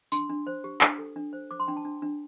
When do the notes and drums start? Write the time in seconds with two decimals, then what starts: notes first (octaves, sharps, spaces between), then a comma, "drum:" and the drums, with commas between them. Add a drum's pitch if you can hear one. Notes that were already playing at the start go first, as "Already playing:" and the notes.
0.12 D4 C6, drum: tambourine
0.30 D4
0.47 C5
0.64 G4
0.81 D4, drum: clap
0.98 A4
1.16 D4
1.33 C5
1.51 C5 D6
1.60 C6
1.68 D4 G5
1.77 A5
1.85 D4
2.02 D4